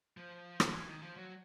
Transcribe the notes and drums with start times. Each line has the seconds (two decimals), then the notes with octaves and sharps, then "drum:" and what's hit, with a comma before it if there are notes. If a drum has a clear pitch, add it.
0.17 F3
0.60 drum: rim click
0.74 E3
0.88 D#3
1.02 F3
1.17 F#3